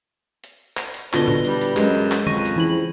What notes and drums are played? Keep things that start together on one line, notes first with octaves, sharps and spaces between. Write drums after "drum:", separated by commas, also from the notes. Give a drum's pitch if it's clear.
drum: hi-hat
drum: clap
drum: hi-hat
B2 D3 E3 D4 F4 B4 A#6 G7, drum: clap
drum: tom
G3, drum: hi-hat
drum: hi-hat
F#2 G#3, drum: clap
drum: hi-hat
drum: clap
F2 C#6 A#6 D#7, drum: tom D3
drum: hi-hat
C#3 E3 F3 E4 F#7